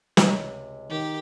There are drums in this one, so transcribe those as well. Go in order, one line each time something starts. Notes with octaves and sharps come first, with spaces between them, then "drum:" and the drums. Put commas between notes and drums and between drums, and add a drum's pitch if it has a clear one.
C#2 C3, drum: snare
D#3 G4